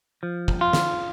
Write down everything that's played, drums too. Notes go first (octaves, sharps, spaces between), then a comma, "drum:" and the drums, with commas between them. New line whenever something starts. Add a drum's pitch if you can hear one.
F3
drum: kick
F4
drum: snare